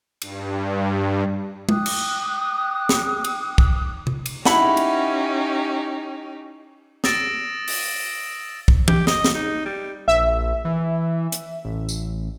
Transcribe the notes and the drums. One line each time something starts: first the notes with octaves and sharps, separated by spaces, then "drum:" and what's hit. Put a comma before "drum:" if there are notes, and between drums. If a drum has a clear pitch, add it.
G2, drum: cymbal
G5 D6 D#6 F#6, drum: tom
drum: cymbal
drum: snare
drum: cymbal
drum: kick
drum: tom C3
drum: cymbal
C#4 D#4 E4 G4 F#5 B5, drum: snare
drum: cymbal
D#6 E6 A6 A#6 D7 E7, drum: snare
drum: open hi-hat
drum: kick
G4, drum: tom
D#5, drum: snare
drum: snare
D#4
G3
A#1 E5
E3
drum: hi-hat
A1
drum: tambourine